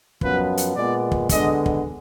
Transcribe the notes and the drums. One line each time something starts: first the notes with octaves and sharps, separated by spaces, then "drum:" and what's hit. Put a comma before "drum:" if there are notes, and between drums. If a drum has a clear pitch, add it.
F#2 F3 B3 B4, drum: kick
drum: hi-hat
A#2 G#3 B3 D5
drum: kick
D3 G#3 B3 D#5, drum: kick, hi-hat
drum: kick